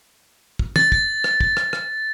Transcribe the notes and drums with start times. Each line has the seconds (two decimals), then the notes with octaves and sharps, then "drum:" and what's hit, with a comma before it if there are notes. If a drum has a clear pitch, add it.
0.59 drum: kick
0.76 A6, drum: tom
0.92 drum: kick
1.24 drum: rim click
1.41 drum: kick
1.57 drum: rim click
1.73 drum: rim click